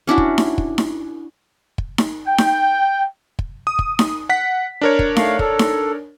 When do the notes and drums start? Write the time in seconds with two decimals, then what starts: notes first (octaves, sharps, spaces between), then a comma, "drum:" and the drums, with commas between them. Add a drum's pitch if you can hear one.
0.07 C#4 D4 E4 F#4
0.18 drum: kick
0.38 drum: snare D#4
0.58 drum: kick
0.78 drum: snare D#4
1.78 drum: kick
1.98 drum: snare D#4
2.26 G5
2.38 drum: snare D#4
3.39 drum: kick
3.67 D#6
3.79 drum: kick
3.99 drum: snare D#4
4.29 F#5 B6
4.81 D4 A#4 C#5
4.99 drum: kick
5.16 A3 F5, drum: snare D#4
5.39 A4, drum: kick
5.59 drum: snare D#4